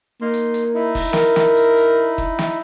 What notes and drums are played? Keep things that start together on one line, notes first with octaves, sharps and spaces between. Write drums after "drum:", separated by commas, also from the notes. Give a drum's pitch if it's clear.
A#3 D#4 C6
drum: hi-hat
drum: hi-hat
D#4 E4
drum: kick, open hi-hat
A#4, drum: snare
drum: snare
drum: hi-hat
drum: hi-hat
drum: kick
drum: snare